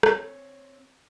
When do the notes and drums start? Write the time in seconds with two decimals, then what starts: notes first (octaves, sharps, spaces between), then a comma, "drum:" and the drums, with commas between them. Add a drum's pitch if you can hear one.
0.03 C4 C#5, drum: rim click